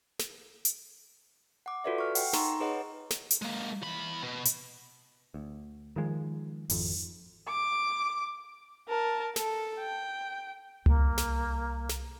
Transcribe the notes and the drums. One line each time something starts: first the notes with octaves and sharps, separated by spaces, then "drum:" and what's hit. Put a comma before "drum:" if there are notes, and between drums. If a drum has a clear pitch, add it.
drum: snare
drum: hi-hat
F#5 D6
F4 F#4 A4 B4 D5 E5
C#6 F6
F#5 G5, drum: open hi-hat
D#4 A#5 C6 C#6, drum: snare
G#4 B4 C#5 D#5 F#5
drum: snare
drum: hi-hat
G#3 A#3
E2 B5
B2
drum: hi-hat
D2
D#3 F3 G#3
G#1 F2, drum: open hi-hat
D6
A#4 A5
A4, drum: snare
G5
C2 A#3, drum: tom C#2
drum: snare
drum: snare